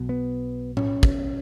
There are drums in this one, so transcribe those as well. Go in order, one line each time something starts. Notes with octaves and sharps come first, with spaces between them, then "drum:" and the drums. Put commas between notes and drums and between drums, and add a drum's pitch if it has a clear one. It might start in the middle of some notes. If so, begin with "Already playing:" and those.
Already playing: B1 B2
B3
C#4, drum: tom A2
drum: kick